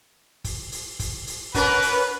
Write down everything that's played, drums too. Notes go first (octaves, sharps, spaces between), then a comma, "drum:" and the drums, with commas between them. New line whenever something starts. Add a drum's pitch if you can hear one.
drum: kick, open hi-hat
drum: open hi-hat
drum: kick, open hi-hat
drum: open hi-hat
B3 C#4 A#4 B4, drum: kick, open hi-hat
drum: open hi-hat